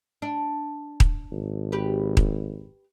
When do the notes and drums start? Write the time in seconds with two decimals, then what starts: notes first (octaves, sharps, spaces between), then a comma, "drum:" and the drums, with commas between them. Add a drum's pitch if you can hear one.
0.22 D4
1.00 drum: kick D#1
1.32 G#1
1.72 G4 B4
2.17 drum: kick D#1